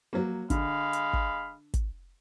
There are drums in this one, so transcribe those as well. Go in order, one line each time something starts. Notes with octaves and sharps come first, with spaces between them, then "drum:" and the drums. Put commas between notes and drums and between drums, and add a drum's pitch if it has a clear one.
F#3 A#3
D3 G#3 F5 B5, drum: kick, hi-hat
drum: hi-hat
drum: kick
drum: kick, hi-hat